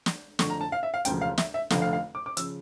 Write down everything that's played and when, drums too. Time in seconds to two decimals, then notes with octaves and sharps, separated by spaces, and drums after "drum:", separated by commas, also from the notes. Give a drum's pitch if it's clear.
0.06 drum: snare
0.39 F2 D3 A3 C#6, drum: snare
0.50 A#5
0.61 A5
0.72 F5
0.83 E5
0.94 F5
1.05 E1 D2 C#3 F3 G5, drum: hi-hat
1.21 F5
1.38 E5, drum: snare
1.54 E5
1.70 F1 F2 D3 F3 A3 F5, drum: snare
1.82 F5
1.93 F5
2.15 D6
2.26 D6
2.37 C#3 F3 E6, drum: hi-hat